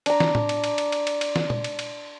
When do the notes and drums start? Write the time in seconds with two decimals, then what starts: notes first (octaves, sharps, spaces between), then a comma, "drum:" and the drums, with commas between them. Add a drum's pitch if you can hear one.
0.06 D4 A#5, drum: cymbal
0.20 drum: snare
0.35 drum: tom A2
0.49 drum: cymbal
0.64 drum: cymbal
0.78 drum: cymbal
0.92 drum: cymbal
1.07 drum: cymbal
1.21 drum: cymbal
1.36 drum: snare
1.50 drum: tom A#2
1.64 drum: cymbal
1.79 drum: cymbal